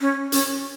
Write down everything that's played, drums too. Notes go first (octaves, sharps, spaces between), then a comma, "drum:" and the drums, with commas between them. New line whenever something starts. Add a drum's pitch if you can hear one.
C#4
C#4, drum: hi-hat